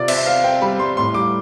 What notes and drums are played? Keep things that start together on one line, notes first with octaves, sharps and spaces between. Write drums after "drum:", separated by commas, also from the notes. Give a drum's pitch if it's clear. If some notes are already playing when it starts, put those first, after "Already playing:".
Already playing: C3 F4 D5
C4 E5, drum: cymbal
C4 F5
C4 G5
G3 B5
G3 C6
A2 C6
G3 D6